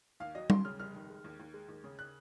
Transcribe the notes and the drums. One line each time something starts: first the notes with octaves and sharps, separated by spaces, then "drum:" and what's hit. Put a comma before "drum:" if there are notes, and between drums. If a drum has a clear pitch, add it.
D#2 F5
F#3 D#5
D#2 C6, drum: tom G3
C#3 F6
F1 F6
D#3
G#3
D#2
D#2
G#3
D#2
C#3
F#6